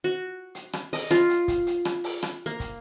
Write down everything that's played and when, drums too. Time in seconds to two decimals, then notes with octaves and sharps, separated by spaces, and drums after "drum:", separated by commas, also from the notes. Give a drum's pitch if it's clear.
0.04 F#4
0.55 drum: hi-hat
0.73 drum: rim click
0.93 D#5, drum: open hi-hat
1.11 F4, drum: rim click
1.29 drum: hi-hat
1.48 drum: kick, hi-hat
1.67 drum: hi-hat
1.85 drum: rim click
2.04 drum: open hi-hat
2.23 drum: rim click
2.46 A#3
2.60 drum: kick, hi-hat